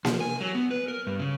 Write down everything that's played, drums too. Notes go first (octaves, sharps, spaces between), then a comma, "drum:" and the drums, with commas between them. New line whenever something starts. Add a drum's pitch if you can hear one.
F3, drum: snare A#3
G#5
F#3
B3
B4
A#4
G2
C#3